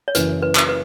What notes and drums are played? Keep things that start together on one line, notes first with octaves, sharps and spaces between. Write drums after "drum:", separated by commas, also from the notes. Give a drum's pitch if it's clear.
C#5
F#1 F#2 E3 B4, drum: hi-hat
B4
drum: clap
B4